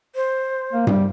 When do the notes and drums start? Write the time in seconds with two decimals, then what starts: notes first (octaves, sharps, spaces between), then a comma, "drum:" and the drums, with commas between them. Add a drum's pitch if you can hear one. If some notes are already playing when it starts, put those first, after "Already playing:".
0.15 C5
0.73 A#3
0.87 G3, drum: tom G2